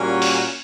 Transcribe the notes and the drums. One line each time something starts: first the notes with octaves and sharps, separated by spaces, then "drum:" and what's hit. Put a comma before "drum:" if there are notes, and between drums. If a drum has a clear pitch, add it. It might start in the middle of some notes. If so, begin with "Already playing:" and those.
Already playing: A#2 G3 A#3 C#4 F#4
drum: open hi-hat